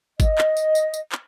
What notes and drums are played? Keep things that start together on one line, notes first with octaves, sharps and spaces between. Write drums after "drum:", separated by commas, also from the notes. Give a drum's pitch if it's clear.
D#5, drum: kick G1, tambourine
drum: clap
drum: tambourine
drum: tambourine
drum: tambourine
drum: clap